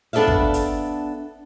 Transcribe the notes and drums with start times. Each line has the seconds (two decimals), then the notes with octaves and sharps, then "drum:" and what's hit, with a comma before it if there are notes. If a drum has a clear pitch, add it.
0.13 B3 D4 A4 D5 E5 F5
0.28 drum: kick
0.54 drum: hi-hat